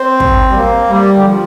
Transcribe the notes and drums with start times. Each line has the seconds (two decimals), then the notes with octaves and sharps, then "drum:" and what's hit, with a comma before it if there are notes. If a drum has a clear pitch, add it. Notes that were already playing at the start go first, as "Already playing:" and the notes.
Already playing: C4
0.20 drum: kick
0.50 G3
0.55 A#3
0.89 G3
1.17 D3
1.24 F3